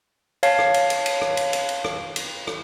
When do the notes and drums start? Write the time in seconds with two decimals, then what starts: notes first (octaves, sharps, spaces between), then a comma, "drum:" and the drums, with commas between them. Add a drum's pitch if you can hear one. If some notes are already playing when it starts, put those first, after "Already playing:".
0.43 C#5 F5 A5, drum: cymbal
0.59 drum: rim click
0.74 drum: cymbal
0.90 drum: cymbal
1.06 drum: cymbal
1.21 drum: rim click
1.37 drum: cymbal
1.53 drum: cymbal
1.69 drum: cymbal
1.84 drum: rim click
2.16 drum: cymbal
2.47 drum: rim click